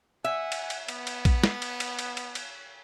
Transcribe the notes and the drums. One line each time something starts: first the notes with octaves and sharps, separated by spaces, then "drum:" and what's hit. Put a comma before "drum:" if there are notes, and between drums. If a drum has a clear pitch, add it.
E5 F#5 G#5
drum: cymbal
drum: cymbal
B3, drum: cymbal
drum: cymbal
drum: kick A#1, cymbal
drum: snare
drum: cymbal
drum: cymbal
drum: cymbal
drum: cymbal
drum: cymbal